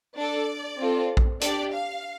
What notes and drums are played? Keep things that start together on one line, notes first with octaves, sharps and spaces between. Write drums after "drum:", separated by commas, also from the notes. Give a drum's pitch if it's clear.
D4 A4 D5
C4 F4 A4
drum: kick A#1
D4 G4 D5, drum: hi-hat
F5